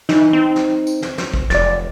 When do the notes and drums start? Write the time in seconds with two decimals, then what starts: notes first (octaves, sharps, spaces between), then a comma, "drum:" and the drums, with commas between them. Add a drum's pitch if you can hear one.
0.09 E3 D#4, drum: snare
0.33 C4
0.56 drum: snare
0.87 drum: tambourine
1.02 drum: snare
1.18 drum: snare
1.34 drum: kick
1.50 F1 D5 A6, drum: snare